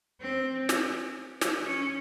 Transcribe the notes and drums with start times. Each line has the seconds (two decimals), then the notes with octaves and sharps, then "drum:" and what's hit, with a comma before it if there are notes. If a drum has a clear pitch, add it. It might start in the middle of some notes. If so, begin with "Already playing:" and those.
0.21 C4
0.69 drum: snare
1.41 drum: snare
1.66 C#4